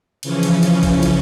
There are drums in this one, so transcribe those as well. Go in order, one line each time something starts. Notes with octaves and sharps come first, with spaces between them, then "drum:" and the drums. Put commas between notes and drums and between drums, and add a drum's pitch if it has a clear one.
C#3 E3 F3 C#4, drum: cymbal
drum: cymbal
drum: cymbal
drum: kick, cymbal
drum: cymbal